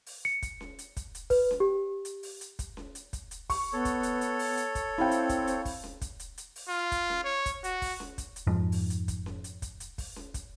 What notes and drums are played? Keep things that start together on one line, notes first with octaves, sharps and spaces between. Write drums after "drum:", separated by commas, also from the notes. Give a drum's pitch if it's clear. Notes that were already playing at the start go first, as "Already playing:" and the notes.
drum: open hi-hat
C#7
drum: kick, hi-hat
drum: snare C#4
drum: hi-hat
drum: kick, hi-hat
drum: hi-hat
B4, drum: kick, open hi-hat
drum: snare C#4
G4
drum: hi-hat
drum: open hi-hat
drum: hi-hat
drum: kick, hi-hat
drum: snare C#4
drum: hi-hat
drum: kick, hi-hat
drum: hi-hat
C#6, drum: kick, open hi-hat
B3 A4 C#5
drum: kick, hi-hat
drum: hi-hat
drum: hi-hat
drum: open hi-hat
drum: hi-hat
drum: kick, hi-hat
C4 E4 F5 G5
drum: hi-hat
drum: kick, hi-hat
drum: hi-hat
drum: kick, open hi-hat
drum: snare C#4
drum: kick, hi-hat
drum: hi-hat
drum: hi-hat
drum: open hi-hat
F4
drum: kick, hi-hat
drum: snare C#4
C#5
drum: kick, hi-hat
F#4, drum: hi-hat
drum: kick, open hi-hat
drum: snare C#4
drum: kick, hi-hat
drum: hi-hat
F2 G#2 F3
drum: open hi-hat
drum: hi-hat
drum: kick, hi-hat
drum: snare C#4
drum: hi-hat
drum: kick, hi-hat
drum: hi-hat
drum: kick, open hi-hat
drum: snare C#4
drum: kick, hi-hat